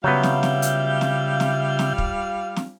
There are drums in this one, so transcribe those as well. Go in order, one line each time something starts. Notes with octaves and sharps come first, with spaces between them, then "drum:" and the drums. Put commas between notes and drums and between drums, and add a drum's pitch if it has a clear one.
C#3 F#3 G3 B3 F4 E5 F5 G6
drum: snare
drum: snare
drum: hi-hat
drum: snare
drum: snare
drum: snare
drum: kick
drum: snare